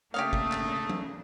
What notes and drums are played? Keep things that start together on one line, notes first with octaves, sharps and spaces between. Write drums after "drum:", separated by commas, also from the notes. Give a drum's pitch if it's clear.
C#3 A3 A#3 D4 G4 C#5 F5 D#6
drum: kick G1
drum: clap
drum: tom F#3